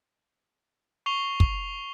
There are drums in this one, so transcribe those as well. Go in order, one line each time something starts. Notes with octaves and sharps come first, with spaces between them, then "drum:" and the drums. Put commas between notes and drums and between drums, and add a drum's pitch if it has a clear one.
C#6 C7 F7 G7
drum: kick